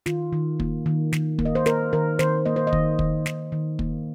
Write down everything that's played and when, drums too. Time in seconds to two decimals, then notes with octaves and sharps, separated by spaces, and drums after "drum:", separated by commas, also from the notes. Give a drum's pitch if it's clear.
0.06 D#3 F4, drum: snare
0.33 D#3
0.60 A#3, drum: kick
0.86 D#3
1.13 D#3, drum: snare
1.39 A#3, drum: kick
1.45 D#5
1.55 C5
1.66 A#3 A#4, drum: snare
1.93 D#3 A#4
2.19 D#3 C5, drum: snare
2.46 A#3 D#5
2.56 C5
2.67 D#5
2.73 D#3, drum: kick
2.99 D#3, drum: kick
3.26 D#3, drum: snare
3.52 D#3
3.79 A#3, drum: kick